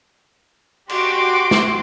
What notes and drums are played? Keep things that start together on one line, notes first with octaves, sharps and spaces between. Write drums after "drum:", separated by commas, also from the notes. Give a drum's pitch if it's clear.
F#4 G4 C6 D6, drum: cymbal
drum: snare